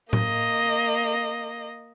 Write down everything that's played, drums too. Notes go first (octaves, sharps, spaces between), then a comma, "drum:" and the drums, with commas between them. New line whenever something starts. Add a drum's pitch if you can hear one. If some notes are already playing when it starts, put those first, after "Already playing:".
A#3 D#5, drum: tom A2